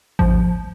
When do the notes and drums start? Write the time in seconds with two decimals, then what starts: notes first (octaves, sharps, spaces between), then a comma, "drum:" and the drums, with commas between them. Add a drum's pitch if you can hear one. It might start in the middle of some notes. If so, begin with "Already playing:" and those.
0.19 F3, drum: kick A1